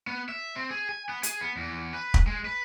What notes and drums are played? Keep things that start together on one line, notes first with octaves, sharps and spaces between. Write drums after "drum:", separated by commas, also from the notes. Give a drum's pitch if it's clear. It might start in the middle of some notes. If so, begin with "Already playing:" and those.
B3
E5
C4
G#4
G#5
B3
G#4, drum: hi-hat
B3
E2
B4
drum: kick
G#3
B4